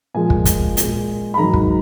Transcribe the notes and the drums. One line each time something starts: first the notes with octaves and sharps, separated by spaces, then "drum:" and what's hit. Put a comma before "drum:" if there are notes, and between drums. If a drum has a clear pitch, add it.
A#2 F3 G#3 G#5
drum: kick
drum: kick, hi-hat
A#2 G#3, drum: hi-hat
B5
G#2 D#3 F#3 A#5
drum: kick